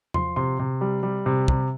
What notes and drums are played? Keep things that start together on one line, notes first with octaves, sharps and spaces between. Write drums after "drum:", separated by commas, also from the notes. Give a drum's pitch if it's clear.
F3 C6, drum: tom E2
C3 C6
C3
G3
G3
C3
C3, drum: kick